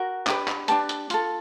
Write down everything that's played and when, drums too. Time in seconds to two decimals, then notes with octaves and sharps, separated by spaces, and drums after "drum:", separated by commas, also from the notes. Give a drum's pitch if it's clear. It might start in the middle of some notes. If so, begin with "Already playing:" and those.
Already playing: F#4 A#4
0.27 D4 G4 B4, drum: clap
0.48 drum: clap
0.68 D4 G4 B4 A5, drum: hi-hat
0.89 drum: hi-hat
1.10 F4 A4, drum: hi-hat